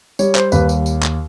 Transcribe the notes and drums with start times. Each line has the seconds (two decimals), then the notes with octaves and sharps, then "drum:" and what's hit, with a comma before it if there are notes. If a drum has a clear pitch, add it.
0.19 G3 C#5, drum: tambourine
0.35 C5, drum: clap
0.52 D#2 B4, drum: tambourine
0.69 drum: tambourine
0.86 drum: tambourine
1.03 drum: clap